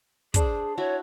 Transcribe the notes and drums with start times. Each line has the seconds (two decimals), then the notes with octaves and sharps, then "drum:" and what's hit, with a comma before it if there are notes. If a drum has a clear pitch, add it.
0.34 D4 G#4 C5, drum: kick, hi-hat
0.78 E4 F#4 C#5